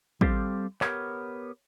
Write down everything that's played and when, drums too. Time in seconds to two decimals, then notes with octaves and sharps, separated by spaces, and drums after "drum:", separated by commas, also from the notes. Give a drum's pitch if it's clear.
0.21 G3 C4 G4 A4 C5 F5, drum: kick
0.81 B3 G4 A#4 C#5, drum: clap